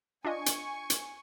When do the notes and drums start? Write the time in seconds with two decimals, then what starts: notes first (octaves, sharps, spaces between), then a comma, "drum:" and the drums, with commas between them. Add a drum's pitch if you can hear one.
0.24 D4 F4 D#5 G#5 C#6
0.46 drum: hi-hat
0.90 drum: hi-hat